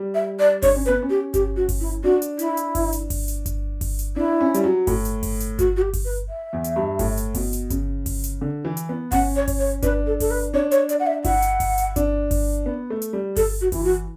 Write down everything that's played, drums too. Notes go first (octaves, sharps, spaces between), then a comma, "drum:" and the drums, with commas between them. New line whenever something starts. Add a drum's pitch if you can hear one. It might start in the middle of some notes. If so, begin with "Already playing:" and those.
Already playing: G3
E5
D5
D4 C#5, drum: kick G1, open hi-hat
C#4
B4
B3
C#4
G4
G4, drum: kick G1, hi-hat
F#4
drum: kick G1, open hi-hat
E4
D4 F#4
drum: hi-hat
E4, drum: hi-hat
drum: hi-hat
drum: kick G1, open hi-hat
drum: hi-hat
drum: kick G1, open hi-hat
drum: hi-hat
drum: kick G1, hi-hat
drum: kick G1, open hi-hat
drum: hi-hat
D4 E4
C#4
G3, drum: hi-hat
F#3
A2, drum: kick G1, open hi-hat
drum: hi-hat
drum: kick G1, open hi-hat
drum: hi-hat
F#4, drum: kick G1, hi-hat
F#4
G4
drum: kick G1, open hi-hat
B4
E5
E2
drum: hi-hat
G2
A2, drum: kick G1, open hi-hat
drum: hi-hat
B2, drum: kick G1, open hi-hat
drum: hi-hat
C#3, drum: kick G1, hi-hat
drum: kick G1, open hi-hat
drum: hi-hat
D3
E3
drum: hi-hat
B3
C#4 F#5, drum: kick G1, open hi-hat
C#5
drum: kick G1, open hi-hat
C#5
D4 B4, drum: kick G1, hi-hat
A4
A4, drum: kick G1, open hi-hat
B4
D4 C#5
C#5, drum: hi-hat
D5, drum: hi-hat
F#5
E5
E4 F#5, drum: kick G1, open hi-hat
drum: hi-hat
drum: kick G1, open hi-hat
drum: hi-hat
D4, drum: kick G1, hi-hat
drum: kick G1, open hi-hat
B3
A3
drum: hi-hat
G3
A4, drum: kick G1, open hi-hat
F#4
E3 E4, drum: kick G1, open hi-hat
F#4